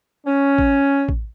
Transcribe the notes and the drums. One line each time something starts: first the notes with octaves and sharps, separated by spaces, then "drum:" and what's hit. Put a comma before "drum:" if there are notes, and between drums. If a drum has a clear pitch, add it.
C#4
drum: kick A1
drum: kick A1